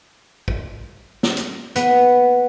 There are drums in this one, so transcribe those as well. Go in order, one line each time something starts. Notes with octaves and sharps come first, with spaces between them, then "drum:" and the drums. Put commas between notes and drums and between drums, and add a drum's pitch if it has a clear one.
drum: kick
drum: snare
drum: hi-hat
B3, drum: hi-hat